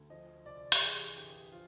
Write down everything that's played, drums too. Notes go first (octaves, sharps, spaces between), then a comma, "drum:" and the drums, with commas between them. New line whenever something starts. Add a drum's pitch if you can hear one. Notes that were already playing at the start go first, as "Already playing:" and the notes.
Already playing: D2
F3 D#5
C2 D5
G4, drum: hi-hat
E3 G#4
G1 G4
F3 F4